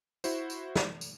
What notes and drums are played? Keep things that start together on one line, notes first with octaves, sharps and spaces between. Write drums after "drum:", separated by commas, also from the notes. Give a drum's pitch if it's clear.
E4 F#4 C5, drum: tambourine
drum: tambourine
drum: snare
drum: tambourine